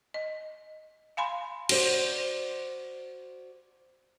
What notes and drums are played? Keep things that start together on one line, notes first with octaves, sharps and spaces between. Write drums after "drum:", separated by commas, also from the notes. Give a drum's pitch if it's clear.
D#5
F5 G#5 B5 C6
F#4 C5 D5, drum: cymbal